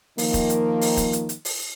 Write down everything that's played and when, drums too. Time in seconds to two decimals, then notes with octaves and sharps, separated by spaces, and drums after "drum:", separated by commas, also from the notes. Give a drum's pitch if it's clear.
0.18 D#3 F3 A#3, drum: open hi-hat
0.34 drum: kick, hi-hat
0.50 drum: hi-hat
0.81 drum: open hi-hat
0.97 drum: kick, hi-hat
1.13 drum: hi-hat
1.29 drum: hi-hat
1.45 drum: open hi-hat